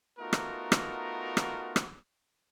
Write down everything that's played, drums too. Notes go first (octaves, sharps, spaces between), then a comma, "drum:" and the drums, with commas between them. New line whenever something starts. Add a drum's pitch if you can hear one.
A3 B3 D#4 F4 F#4 A#4
drum: rim click
drum: rim click
drum: rim click
drum: rim click